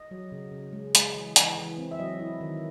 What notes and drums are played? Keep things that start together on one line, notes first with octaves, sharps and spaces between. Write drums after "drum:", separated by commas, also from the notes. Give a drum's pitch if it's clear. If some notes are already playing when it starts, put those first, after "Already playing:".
Already playing: D#5
F#3
C#3
C#3
G#3
G#3, drum: hi-hat
E3
E3, drum: hi-hat
E3
C4
E5
F#3 D#5
E4
D#3